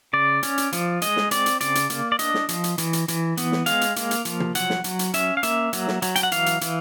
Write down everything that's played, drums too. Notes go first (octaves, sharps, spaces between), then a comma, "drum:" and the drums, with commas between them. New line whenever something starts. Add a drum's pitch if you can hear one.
C#3 D5
C#4, drum: hi-hat
drum: hi-hat
F3, drum: hi-hat
G#3 D#5, drum: hi-hat
drum: snare
C4 D5, drum: hi-hat
drum: hi-hat
C#3 D5, drum: hi-hat
drum: hi-hat
A#3, drum: hi-hat
D5
D4 D#5, drum: hi-hat
drum: snare
F3, drum: hi-hat
drum: hi-hat
E3, drum: hi-hat
drum: hi-hat
E3, drum: hi-hat
B3, drum: hi-hat
drum: snare
G#3 F5, drum: hi-hat
drum: hi-hat
A#3, drum: hi-hat
drum: hi-hat
F3, drum: hi-hat
drum: tom
F#3 F#5, drum: hi-hat
drum: snare
F#3, drum: hi-hat
drum: hi-hat
C#4 E5, drum: hi-hat
F5
A#3 E5, drum: hi-hat
F#3, drum: hi-hat
drum: snare
F#3, drum: hi-hat
G5, drum: hi-hat
F#5
E3 F5, drum: hi-hat
drum: hi-hat
E3, drum: hi-hat